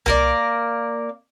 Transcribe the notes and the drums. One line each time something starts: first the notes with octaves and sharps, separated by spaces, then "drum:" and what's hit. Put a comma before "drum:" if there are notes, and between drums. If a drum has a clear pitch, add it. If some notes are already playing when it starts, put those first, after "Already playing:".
A#3 A#4 D5, drum: tom C2